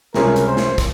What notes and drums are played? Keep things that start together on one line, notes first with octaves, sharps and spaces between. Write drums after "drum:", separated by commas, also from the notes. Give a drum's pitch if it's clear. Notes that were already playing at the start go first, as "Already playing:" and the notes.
C#2 C3 G3 C#4 G#4 A#4, drum: snare
drum: hi-hat
C5
drum: snare
drum: kick, hi-hat